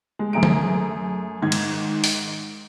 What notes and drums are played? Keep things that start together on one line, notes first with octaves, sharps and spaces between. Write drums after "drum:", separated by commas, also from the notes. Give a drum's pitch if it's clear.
G#3
F#2 A3 G#4 A#5 D7
drum: tom D3
G#2 D#3 G#6
drum: cymbal
drum: open hi-hat